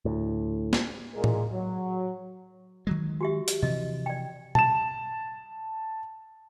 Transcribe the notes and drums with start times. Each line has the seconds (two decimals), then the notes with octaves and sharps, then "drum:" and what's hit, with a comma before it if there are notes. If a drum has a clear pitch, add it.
0.05 D2 A2
0.73 drum: snare
1.15 A#2 G#3 G#4 A#4
1.24 drum: tom A2
1.52 F#3
2.87 D#3 F#3 G#3
3.21 F#4 G4 E5
3.48 drum: hi-hat
3.62 C3 E3 F3 D#5
4.06 D5 G5
4.55 A5 E7, drum: tom B2